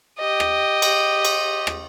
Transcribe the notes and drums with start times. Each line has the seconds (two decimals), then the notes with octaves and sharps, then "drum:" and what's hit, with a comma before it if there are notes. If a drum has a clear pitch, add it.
0.19 G4 D#5
0.40 drum: rim click
0.82 drum: cymbal
1.25 drum: cymbal
1.67 drum: rim click